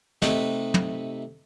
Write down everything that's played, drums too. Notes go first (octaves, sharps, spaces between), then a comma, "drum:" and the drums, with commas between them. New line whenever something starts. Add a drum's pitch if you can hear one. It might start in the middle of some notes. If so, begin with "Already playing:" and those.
C3 A3 D#4 B4, drum: snare
drum: tom